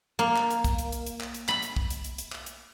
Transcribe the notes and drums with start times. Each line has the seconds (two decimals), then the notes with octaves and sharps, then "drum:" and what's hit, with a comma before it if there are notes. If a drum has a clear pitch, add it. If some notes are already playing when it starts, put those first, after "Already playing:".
0.19 A#3
0.36 drum: clap
0.50 drum: hi-hat
0.64 drum: kick, hi-hat
0.78 drum: hi-hat
0.92 drum: hi-hat
1.06 drum: hi-hat
1.20 drum: clap
1.34 drum: hi-hat
1.48 B5, drum: clap
1.62 drum: hi-hat
1.76 drum: kick
1.90 drum: hi-hat
2.04 drum: hi-hat
2.18 drum: hi-hat
2.32 drum: clap
2.46 drum: hi-hat